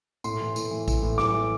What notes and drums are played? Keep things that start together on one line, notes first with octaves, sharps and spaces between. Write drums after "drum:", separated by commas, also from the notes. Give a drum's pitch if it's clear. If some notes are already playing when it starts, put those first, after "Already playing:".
A2 C6, drum: tambourine
E3
A2, drum: tambourine
E3
E3, drum: kick A1, tambourine
A2
E3 D6, drum: snare
E3